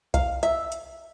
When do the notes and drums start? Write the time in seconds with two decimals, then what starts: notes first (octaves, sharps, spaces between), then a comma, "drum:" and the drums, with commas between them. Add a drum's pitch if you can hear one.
0.14 F5, drum: kick B1, hi-hat
0.43 E5, drum: hi-hat
0.72 drum: hi-hat